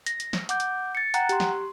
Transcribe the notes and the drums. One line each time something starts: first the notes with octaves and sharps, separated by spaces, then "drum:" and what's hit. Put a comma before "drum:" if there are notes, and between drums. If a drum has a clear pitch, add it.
A#6, drum: hi-hat
drum: hi-hat
drum: snare
F#5 D6 G6, drum: hi-hat
drum: hi-hat
A6 C#7
F#5 G5 A#5 F#6, drum: hi-hat
G4 C6, drum: hi-hat
drum: snare